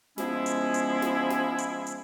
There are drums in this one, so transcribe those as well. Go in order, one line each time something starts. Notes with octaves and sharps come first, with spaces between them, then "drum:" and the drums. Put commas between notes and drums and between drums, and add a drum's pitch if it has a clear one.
F3 G#3 B3 C#4 E4 G#4, drum: snare
drum: hi-hat
drum: hi-hat
drum: snare
drum: snare
drum: hi-hat
drum: hi-hat